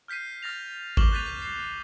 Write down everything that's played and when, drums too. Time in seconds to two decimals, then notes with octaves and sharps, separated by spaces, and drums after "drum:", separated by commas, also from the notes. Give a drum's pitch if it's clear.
0.08 F6 G6 B6 C7 D#7
0.42 F6 A6 A#6 F7
0.97 C#6 D6 F6 E7 F#7 G7, drum: kick G#1
1.12 F#6 G6 A6 B6 D#7 F7
1.26 B6
1.42 C7